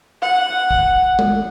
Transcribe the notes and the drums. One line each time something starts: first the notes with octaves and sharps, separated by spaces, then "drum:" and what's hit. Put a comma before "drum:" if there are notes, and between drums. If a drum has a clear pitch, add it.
F#5
drum: kick
drum: tom